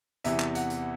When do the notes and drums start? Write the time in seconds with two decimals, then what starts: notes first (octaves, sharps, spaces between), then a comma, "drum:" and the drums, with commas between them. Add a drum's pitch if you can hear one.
0.24 E2 C3 E3 E5, drum: hi-hat
0.40 drum: clap
0.55 F#5, drum: hi-hat
0.70 drum: hi-hat